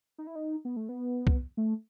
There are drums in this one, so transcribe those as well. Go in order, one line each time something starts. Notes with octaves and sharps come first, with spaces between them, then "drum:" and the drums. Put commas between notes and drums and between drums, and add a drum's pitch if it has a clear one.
D#4
E4
D#4
B3
A3
B3
drum: kick C2
A3